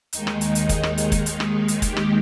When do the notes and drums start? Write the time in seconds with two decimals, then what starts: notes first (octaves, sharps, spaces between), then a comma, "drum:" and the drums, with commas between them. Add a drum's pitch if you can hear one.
0.13 D#2 D#3 G#3 D#4, drum: hi-hat
0.27 drum: rim click
0.41 drum: hi-hat
0.55 drum: hi-hat
0.69 drum: kick, hi-hat
0.83 drum: rim click
0.98 drum: hi-hat
1.12 drum: kick, hi-hat
1.26 D#4, drum: hi-hat
1.40 drum: rim click
1.68 drum: hi-hat
1.82 G4, drum: kick, hi-hat
1.97 drum: rim click